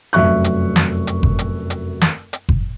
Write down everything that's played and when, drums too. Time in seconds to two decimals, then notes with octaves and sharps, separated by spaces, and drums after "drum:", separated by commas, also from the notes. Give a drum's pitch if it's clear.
0.13 F1 F#2 E5 C#6 F#6
0.44 drum: hi-hat
0.76 drum: snare
1.07 drum: hi-hat
1.23 drum: kick F#1
1.39 drum: hi-hat
1.70 drum: hi-hat
2.01 drum: snare
2.33 drum: hi-hat
2.49 drum: kick F#1